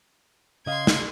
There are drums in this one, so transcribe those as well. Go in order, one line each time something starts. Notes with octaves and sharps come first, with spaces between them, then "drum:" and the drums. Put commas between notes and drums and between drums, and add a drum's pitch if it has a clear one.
C#3 D#5 F5 C6 G#6
drum: snare